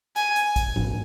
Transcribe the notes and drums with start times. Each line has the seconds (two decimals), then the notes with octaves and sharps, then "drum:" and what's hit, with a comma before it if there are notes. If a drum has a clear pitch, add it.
0.16 G#5, drum: hi-hat
0.36 drum: hi-hat
0.56 drum: kick, hi-hat
0.76 drum: tom G#2